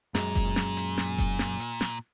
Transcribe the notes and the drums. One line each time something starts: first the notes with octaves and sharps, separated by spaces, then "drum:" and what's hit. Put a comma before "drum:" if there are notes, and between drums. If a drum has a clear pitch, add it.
F#2 A#2 G#3, drum: snare
drum: kick F1, hi-hat
drum: snare
drum: hi-hat
drum: snare
drum: kick F1, hi-hat
drum: snare
drum: hi-hat
drum: snare